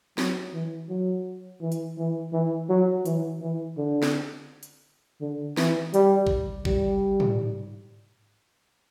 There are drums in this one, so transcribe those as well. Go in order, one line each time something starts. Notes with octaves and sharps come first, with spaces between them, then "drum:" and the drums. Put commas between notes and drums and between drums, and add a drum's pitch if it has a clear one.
F#3, drum: snare
E3
F#3
E3
drum: hi-hat
E3
E3
F#3
E3, drum: hi-hat
E3
D3
drum: snare
drum: hi-hat
D3
E3, drum: snare
G3, drum: hi-hat
drum: kick
G3, drum: kick
drum: tom